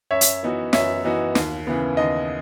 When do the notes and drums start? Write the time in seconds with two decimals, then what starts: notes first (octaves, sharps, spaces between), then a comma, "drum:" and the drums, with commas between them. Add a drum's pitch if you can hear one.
0.11 F#2 C#5 E5
0.21 drum: hi-hat
0.43 E3 B3 D#4 F#4
0.73 F#2 C#5 E5, drum: snare
1.04 E3 B3 D#4 F#4
1.35 D#2, drum: snare
1.67 C#3 E3 B3
1.97 D#2 D#5